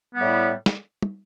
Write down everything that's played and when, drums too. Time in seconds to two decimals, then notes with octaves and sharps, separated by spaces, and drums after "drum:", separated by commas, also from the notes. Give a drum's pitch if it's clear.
0.15 A2 G3 B3
0.66 drum: snare
1.02 drum: tom